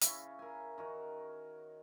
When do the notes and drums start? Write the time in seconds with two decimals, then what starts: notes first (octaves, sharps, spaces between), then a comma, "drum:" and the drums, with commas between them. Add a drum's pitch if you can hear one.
0.01 C#3 C#4 E4, drum: hi-hat
0.39 A#4 G#5
0.78 D#3 F#4 A#4